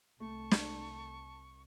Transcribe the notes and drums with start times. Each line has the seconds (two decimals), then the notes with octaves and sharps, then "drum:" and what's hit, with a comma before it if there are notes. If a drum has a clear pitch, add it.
0.20 C2 A3 A5 C#6
0.51 drum: snare